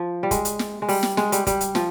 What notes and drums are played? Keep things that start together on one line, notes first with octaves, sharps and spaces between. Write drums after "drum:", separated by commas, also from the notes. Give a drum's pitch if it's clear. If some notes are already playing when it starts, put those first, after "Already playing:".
Already playing: F3
G3
G#3, drum: kick, hi-hat
drum: hi-hat
drum: snare
G#3
G3, drum: open hi-hat
drum: snare
G#3, drum: snare
G3, drum: hi-hat
G3, drum: kick, hi-hat
drum: hi-hat
F3, drum: snare